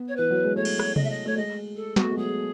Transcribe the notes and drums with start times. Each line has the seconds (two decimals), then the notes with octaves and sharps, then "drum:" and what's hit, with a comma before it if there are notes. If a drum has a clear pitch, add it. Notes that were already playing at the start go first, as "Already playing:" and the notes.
Already playing: B3
0.08 C#5
0.16 E3 B4
0.30 F#3
0.44 G#3
0.56 A3 C#5
0.65 drum: cymbal
0.79 drum: rim click
0.96 D#5, drum: tom C3
1.04 E5
1.10 D#5
1.26 A3 C#5
1.37 G#3 D#5
1.76 A4
1.96 B3 F#4, drum: snare
2.03 A3
2.10 G#3
2.17 F#3 G#4